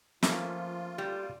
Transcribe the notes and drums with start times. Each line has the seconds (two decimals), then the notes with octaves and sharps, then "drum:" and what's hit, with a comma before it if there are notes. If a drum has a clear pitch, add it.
0.23 F3 A3 A#3 C#4 F4, drum: snare
0.98 G3